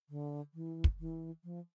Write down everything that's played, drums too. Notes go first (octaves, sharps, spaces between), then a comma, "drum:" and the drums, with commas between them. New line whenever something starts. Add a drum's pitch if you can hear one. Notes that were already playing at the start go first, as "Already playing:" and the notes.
D3
E3
drum: kick
E3
F3